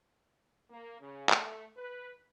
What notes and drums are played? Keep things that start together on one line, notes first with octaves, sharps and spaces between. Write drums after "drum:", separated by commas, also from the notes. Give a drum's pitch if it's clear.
A#3
C#3
A3, drum: clap
B4